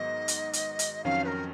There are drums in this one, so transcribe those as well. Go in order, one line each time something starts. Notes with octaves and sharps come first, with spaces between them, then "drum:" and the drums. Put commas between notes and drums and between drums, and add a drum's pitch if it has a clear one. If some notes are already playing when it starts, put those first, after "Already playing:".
Already playing: G#2 D#3 F#3 B3 D#5
drum: hi-hat
drum: hi-hat
drum: hi-hat
F2 D#3 F#3 C#4 F5
B4
A#4